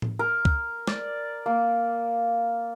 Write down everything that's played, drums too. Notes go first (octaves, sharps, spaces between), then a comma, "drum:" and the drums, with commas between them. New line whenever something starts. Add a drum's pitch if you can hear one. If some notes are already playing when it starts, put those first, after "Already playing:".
drum: tom A2
A#4
drum: kick
D5, drum: snare
A#3